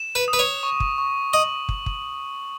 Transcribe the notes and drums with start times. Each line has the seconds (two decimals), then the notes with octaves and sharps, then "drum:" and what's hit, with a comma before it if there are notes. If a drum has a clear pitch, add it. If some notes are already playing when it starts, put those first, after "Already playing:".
Already playing: E7
0.15 B4
0.28 D#6
0.33 B4
0.39 C#5
0.63 C#6
0.80 drum: kick
0.98 C#6
1.33 D#5 F#7
1.69 drum: kick
1.86 drum: kick